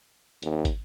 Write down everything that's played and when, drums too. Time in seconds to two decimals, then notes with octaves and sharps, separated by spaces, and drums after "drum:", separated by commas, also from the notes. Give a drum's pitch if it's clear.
0.43 D#2, drum: hi-hat
0.65 drum: kick, hi-hat